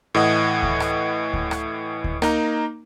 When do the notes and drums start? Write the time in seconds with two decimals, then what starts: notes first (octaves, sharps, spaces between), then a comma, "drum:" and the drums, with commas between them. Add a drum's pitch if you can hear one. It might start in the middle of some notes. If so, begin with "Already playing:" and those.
0.15 A2 E3 D#5 F#5 D#6
0.63 drum: kick D2
0.80 drum: rim click
1.33 drum: kick D2
1.51 drum: rim click
2.04 drum: kick D2
2.22 A#3 D#4 A#5, drum: rim click